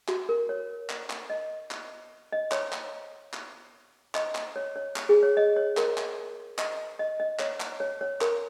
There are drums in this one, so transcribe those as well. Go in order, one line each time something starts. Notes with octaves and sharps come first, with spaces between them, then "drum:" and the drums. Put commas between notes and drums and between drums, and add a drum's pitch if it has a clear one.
F#4, drum: clap
A#4
C#5
drum: clap
drum: clap
D#5
drum: clap
D#5
C#5, drum: clap
drum: clap
drum: clap
D#5, drum: clap
drum: clap
C#5
C#5
drum: clap
G#4
C#5
D#5
C#5
A#4, drum: clap
drum: clap
D#5, drum: clap
D#5
D#5
C#5, drum: clap
drum: clap
C#5
C#5
A#4, drum: clap